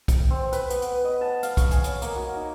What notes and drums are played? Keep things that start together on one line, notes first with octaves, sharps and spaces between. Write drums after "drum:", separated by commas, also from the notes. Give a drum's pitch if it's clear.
drum: kick, hi-hat
C4
B4, drum: hi-hat
B3, drum: hi-hat
drum: hi-hat
D#5
A5
F5, drum: hi-hat
C#6, drum: kick, hi-hat
G#5, drum: hi-hat
C#5, drum: hi-hat
A#3, drum: hi-hat
F#4
D#4